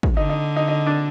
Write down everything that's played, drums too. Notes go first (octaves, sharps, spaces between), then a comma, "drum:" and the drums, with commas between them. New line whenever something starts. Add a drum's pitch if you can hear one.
drum: kick
D3 D#4
D#4
D#4
D#4
D4